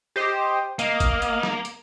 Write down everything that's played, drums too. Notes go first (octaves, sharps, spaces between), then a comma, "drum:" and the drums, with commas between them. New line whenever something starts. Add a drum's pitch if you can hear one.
G4 C5 D#5
A#3 D#5 F5, drum: hi-hat
drum: kick, hi-hat
drum: hi-hat
drum: snare
drum: hi-hat